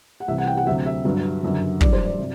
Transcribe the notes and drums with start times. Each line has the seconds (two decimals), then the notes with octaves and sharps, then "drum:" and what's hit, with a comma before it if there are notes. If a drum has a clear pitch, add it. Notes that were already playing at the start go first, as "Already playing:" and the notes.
0.20 F#5
0.28 C2 C3 E3 E5
0.38 F#5
0.47 G5
0.57 F#5
0.67 D2 C3 F#3 E5
0.86 E5
1.05 G1 G2 F#3
1.43 F#1 F#2 D3 F#3
1.81 A1 G2 F#3 D5, drum: kick
1.93 C5
2.05 D5
2.19 C3 F#3